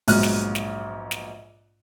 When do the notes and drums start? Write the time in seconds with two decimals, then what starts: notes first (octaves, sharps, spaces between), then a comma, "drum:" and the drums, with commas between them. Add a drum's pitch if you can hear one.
0.08 A#1 G#2 B2 F#3 F6 F#6, drum: open hi-hat
0.23 drum: snare
0.55 drum: snare
1.11 drum: snare